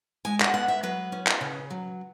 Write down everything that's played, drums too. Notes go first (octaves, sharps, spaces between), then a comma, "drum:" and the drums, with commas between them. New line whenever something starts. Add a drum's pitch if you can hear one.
G#3 G#5
F#5, drum: clap
B3 F#5
E5
F#3 B4
C#4
drum: clap
C#3
F#3